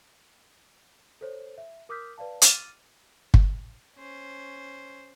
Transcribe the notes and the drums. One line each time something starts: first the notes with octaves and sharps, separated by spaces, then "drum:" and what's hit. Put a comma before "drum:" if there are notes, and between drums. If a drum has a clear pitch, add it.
A4 C5 C#5
E5
A#4 D6 D#6 F6 G6 B6
B4 D5 F5 A5
D6 F6 A6 D#7, drum: hi-hat
drum: kick
C#4 C5